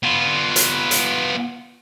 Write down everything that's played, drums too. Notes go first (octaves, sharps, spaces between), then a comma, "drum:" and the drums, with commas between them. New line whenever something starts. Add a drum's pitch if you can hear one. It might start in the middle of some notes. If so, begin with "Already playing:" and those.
B3 F4
drum: hi-hat
drum: hi-hat